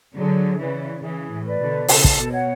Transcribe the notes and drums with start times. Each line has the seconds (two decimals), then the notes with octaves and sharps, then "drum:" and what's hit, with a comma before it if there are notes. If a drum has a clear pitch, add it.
0.16 D3 F#3 G#4
0.59 C#3 E3 B4 D5
1.02 C#3 E3 G#4
1.30 A2
1.45 B4 D5
1.59 B2 D3
1.88 C#3 A4, drum: open hi-hat
2.04 drum: kick
2.18 B2
2.32 C#5 F#5